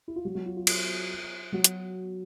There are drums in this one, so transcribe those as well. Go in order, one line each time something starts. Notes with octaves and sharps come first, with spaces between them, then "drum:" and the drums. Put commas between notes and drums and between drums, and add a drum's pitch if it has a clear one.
E4
F4
F#3 F#4
F#3 F#4
F4
F4
F4, drum: cymbal
F#3 F#4
drum: hi-hat